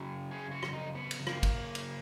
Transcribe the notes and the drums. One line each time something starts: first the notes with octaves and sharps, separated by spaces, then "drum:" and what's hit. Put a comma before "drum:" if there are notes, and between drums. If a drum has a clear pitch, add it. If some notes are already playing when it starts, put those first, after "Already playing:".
Already playing: C#3 F#3
G#4
F#4
drum: rim click
D#4
B3
drum: cymbal
A#3, drum: rim click
drum: kick G#1, cymbal
drum: cymbal